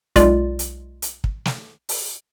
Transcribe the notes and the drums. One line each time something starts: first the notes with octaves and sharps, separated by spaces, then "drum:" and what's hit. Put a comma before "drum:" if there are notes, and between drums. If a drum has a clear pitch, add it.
B1 G#3 F4 D5, drum: kick, hi-hat
drum: hi-hat
drum: hi-hat
drum: kick
drum: snare
drum: open hi-hat